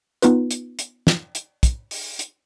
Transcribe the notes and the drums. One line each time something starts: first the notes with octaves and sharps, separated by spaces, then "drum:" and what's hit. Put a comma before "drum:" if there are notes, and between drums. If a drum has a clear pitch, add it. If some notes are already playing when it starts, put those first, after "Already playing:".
B3 D#4 F4 B4, drum: hi-hat
drum: hi-hat
drum: hi-hat
drum: snare
drum: hi-hat
drum: kick, hi-hat
drum: open hi-hat
drum: hi-hat